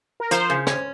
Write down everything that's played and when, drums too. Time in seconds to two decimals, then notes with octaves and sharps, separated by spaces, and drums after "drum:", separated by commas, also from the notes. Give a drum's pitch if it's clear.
0.20 A#4
0.31 F3 C5, drum: hi-hat
0.50 C#3
0.67 C#4, drum: rim click